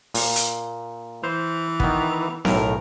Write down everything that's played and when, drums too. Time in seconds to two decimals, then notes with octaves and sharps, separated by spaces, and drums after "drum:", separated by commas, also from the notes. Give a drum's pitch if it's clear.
0.14 A#2, drum: open hi-hat
0.36 drum: hi-hat
1.24 E3 C5
1.80 D#3 B3, drum: kick
2.45 B1 A2 A#4, drum: snare B3